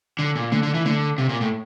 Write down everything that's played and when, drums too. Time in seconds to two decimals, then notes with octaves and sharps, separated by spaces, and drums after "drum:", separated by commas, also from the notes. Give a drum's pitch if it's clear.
0.19 D3
0.36 A#2
0.52 D3, drum: tom A3
0.63 D3
0.74 E3
0.86 D3, drum: tom A3
1.18 C3
1.29 A#2
1.41 A2